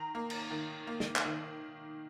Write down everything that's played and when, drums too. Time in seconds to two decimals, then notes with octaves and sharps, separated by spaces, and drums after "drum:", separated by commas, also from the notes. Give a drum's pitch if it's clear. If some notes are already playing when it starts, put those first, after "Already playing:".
Already playing: D#3 A#5
0.15 A#3
0.30 drum: cymbal
0.51 D#3
0.87 A#3
1.00 drum: snare
1.16 drum: clap
1.25 D#3